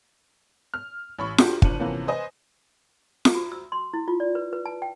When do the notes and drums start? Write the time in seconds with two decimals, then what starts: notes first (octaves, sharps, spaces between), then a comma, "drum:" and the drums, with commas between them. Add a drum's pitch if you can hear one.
0.74 F6
1.19 A1 B5 C#6
1.38 D4 F#4 G4 A4 C6, drum: snare
1.62 F#1 F3 D4 C#7 D#7 F#7, drum: kick
1.79 C3 E3 F3 A#3 B3 C#4
2.07 B4 C5 D#5 G#5
3.25 drum: snare
3.35 F#4
3.52 E6
3.72 C6
3.94 E4
4.08 F4
4.20 D5
4.35 B4
4.53 B4
4.66 A5
4.82 G5